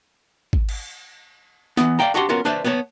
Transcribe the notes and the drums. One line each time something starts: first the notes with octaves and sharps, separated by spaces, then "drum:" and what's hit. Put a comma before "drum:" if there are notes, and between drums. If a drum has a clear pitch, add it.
drum: kick
drum: cymbal
E3 B3, drum: snare
D5 F5 G5 A#5
D4 F#4 G4 F#5 G#5 C6
B3 C#4 F4 F#4 A#4
D4 B4 C5 D5 E5
B3 B4 C#5 A5